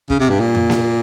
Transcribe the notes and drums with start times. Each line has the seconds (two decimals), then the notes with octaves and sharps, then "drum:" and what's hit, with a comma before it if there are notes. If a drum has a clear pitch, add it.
0.10 C#3, drum: kick
0.20 C3
0.30 G2
0.40 A#2
0.55 drum: tom F2
0.70 drum: snare A#3